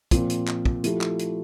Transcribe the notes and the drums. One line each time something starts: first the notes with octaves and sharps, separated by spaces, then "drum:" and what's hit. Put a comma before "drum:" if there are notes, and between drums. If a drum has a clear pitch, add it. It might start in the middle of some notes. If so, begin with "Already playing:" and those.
A#2 F3 C4, drum: kick, hi-hat
drum: hi-hat
drum: clap
drum: kick
F3 A3 E4 G4, drum: hi-hat
drum: clap
drum: hi-hat